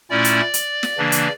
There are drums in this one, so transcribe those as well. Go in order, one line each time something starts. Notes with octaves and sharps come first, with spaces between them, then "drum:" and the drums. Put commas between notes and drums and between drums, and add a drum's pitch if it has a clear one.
A#2 A3 C#4 E4 D5
drum: hi-hat
drum: hi-hat
drum: snare
C#3 E3 A#3 D4
drum: hi-hat